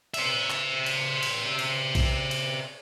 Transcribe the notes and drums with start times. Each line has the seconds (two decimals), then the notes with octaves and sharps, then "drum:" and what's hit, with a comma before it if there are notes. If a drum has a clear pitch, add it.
0.14 C5 E5, drum: cymbal
0.50 drum: clap
0.86 drum: cymbal
1.23 drum: cymbal
1.59 drum: cymbal
1.95 drum: kick A#1, cymbal
2.31 drum: cymbal